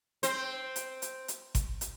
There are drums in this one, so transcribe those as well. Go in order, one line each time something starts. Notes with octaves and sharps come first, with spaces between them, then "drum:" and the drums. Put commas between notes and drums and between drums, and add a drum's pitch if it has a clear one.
C4 C5, drum: hi-hat
drum: hi-hat
drum: hi-hat
drum: hi-hat
drum: kick G1, hi-hat
drum: hi-hat